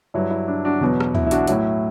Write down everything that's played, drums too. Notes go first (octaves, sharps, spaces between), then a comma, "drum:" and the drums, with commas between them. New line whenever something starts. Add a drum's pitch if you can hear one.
G2 F#3 E4
E4
D4
D4 F#4
E2 B2 F#3
drum: rim click
E4, drum: tom
E4
D4 F#4, drum: hi-hat
A2 F#3 E4, drum: hi-hat